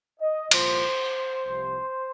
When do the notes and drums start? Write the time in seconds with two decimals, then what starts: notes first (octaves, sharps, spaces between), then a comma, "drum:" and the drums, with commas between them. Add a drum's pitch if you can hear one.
0.20 D#5
0.51 C2 A#2 F3 C5, drum: cymbal
1.45 C2 C3 F3